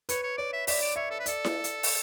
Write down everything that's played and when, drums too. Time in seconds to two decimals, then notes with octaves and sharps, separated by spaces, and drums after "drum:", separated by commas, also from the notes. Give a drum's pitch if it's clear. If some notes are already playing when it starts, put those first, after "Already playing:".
0.09 B4 C#5, drum: hi-hat
0.23 C#5
0.38 C#5 D5
0.53 E5
0.67 D5 E5, drum: open hi-hat
0.82 D5
0.96 C#5 E5
1.11 A4
1.19 B4
1.26 A4 D5, drum: hi-hat
1.45 drum: snare E4
1.64 drum: hi-hat
1.83 drum: open hi-hat